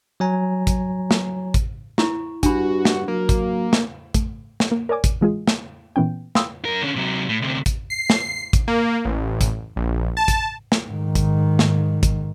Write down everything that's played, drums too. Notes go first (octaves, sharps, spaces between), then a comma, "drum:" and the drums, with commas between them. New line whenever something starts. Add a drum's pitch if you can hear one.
F#3 C#5 G#5 A#5
drum: kick, hi-hat
drum: snare
drum: kick, hi-hat
E4 C#6, drum: snare
G2 D4 F#4 B5, drum: kick, hi-hat
drum: snare
F#3 A#3
drum: kick, hi-hat
drum: snare
A3, drum: kick, hi-hat
drum: snare
A#3
A#4 C#5 D5 G#5 D6
drum: kick, hi-hat
E3 G#3 F4 G#4
drum: snare
A#2 E3 B3 C#4 G5
F5 G5 B5 C6 D#6 E6, drum: snare
F#2 A#4
D3 C#4
C3 F#3
A2
D2 C3
drum: kick, hi-hat
C7
drum: snare
drum: kick, hi-hat
A#3
A1
drum: kick, hi-hat
A#1
A5
drum: kick, hi-hat
drum: snare
G#2 D#3
drum: kick, hi-hat
drum: snare
drum: kick, hi-hat